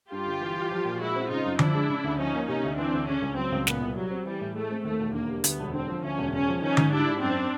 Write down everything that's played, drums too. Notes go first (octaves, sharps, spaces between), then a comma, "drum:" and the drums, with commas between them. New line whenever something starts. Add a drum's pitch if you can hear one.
G2 F4 G4
G1
E3
G3
F3
A#2
G#3 E4 F#4
C4
C#3 D#4 F4
F#2
F3 D4 E4, drum: tom D3
G#3
C#3
D2
F3 C#4 D#4
A#3
C3 C#4 D#4
D2
E3 C4 D4
D2
C#3 C#4
C#2
F#3 C4
C#2
A#2 B3, drum: snare
C2
F#3 G3
C4
E3 G3
A2
G#3 A3
C4
D#2 A3
E1
D3 A#3
G3
D2 B3, drum: hi-hat
E1
D3 C4
F3
D2 C#4
E1
C#3 C#4
F3
D#3 C#4 D#4
G#2, drum: tom D3
G3 D4 E4
G#2
F#2 C4 D4